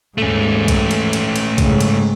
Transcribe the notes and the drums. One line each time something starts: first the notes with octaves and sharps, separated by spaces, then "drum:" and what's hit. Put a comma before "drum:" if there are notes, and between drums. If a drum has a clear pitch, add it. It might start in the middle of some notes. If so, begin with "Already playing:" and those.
D#2 G#2 A3 C#4
drum: kick C2, cymbal
drum: cymbal
drum: cymbal
drum: cymbal
G#2 C#3, drum: kick C2, cymbal
drum: cymbal